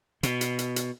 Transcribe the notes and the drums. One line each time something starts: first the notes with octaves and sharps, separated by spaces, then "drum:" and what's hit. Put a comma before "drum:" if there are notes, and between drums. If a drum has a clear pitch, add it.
B2, drum: hi-hat
drum: hi-hat
drum: hi-hat
drum: hi-hat